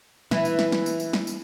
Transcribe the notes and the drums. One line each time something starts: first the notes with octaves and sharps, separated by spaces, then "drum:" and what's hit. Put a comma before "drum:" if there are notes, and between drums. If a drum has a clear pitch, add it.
E3, drum: snare
drum: tambourine
drum: snare
drum: snare
drum: tambourine
drum: tambourine
drum: snare
drum: tambourine